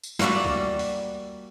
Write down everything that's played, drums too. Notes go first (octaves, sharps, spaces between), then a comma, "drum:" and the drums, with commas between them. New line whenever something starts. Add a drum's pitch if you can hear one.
drum: tambourine
G3 A#3 F#4 D5 E5, drum: snare
drum: kick
drum: open hi-hat